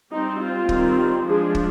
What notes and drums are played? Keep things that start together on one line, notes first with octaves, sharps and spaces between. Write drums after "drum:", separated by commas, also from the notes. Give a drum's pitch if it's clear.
G3 C4 D#4
F4
D#3 G3 C4, drum: kick
F3 G#3 D4 G#4
drum: kick